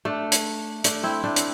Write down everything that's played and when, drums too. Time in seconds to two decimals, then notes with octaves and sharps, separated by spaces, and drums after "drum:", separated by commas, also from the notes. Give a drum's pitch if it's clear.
0.05 A3 D4
0.32 drum: hi-hat
0.84 A3 D4, drum: hi-hat
1.03 C4 E4
1.23 A3 D4
1.36 drum: hi-hat